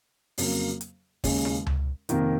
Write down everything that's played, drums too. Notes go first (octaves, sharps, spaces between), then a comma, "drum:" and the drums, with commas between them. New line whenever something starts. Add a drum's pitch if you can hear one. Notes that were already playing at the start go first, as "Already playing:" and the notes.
F2 C#3 F#3 A#3, drum: open hi-hat
drum: hi-hat
D#2 C#3 G#3 C#4, drum: kick, open hi-hat
drum: snare E4
drum: tom C#2
F2 C3 D#3 A#3, drum: hi-hat